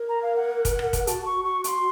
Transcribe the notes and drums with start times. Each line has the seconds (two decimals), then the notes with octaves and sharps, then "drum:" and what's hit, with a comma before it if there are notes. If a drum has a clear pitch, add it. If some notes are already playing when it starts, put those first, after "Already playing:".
Already playing: A#4
0.09 A#5
0.23 F5
0.36 F#5
0.65 drum: kick, hi-hat
0.79 drum: rim click
0.93 drum: kick, hi-hat
1.07 F#4 A5, drum: hi-hat
1.26 C#6
1.44 C#6
1.64 C#6, drum: hi-hat
1.68 C6